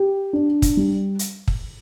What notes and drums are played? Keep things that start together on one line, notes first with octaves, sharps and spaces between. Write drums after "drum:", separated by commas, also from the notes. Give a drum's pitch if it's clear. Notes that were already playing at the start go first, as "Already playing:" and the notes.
Already playing: G4
D4
drum: kick, hi-hat
G3
drum: hi-hat
drum: kick